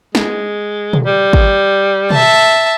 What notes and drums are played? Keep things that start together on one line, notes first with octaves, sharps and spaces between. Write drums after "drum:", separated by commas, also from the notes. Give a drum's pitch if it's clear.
G#3, drum: snare
drum: tom
G3
drum: kick
E5 A5, drum: tom